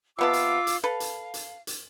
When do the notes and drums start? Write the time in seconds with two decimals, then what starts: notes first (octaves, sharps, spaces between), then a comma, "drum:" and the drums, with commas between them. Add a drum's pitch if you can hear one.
0.19 C3 B3 F4 A5 D6 E6
0.33 drum: hi-hat
0.67 drum: hi-hat
0.83 A4 B4 F5
1.00 drum: hi-hat
1.34 drum: hi-hat
1.67 drum: hi-hat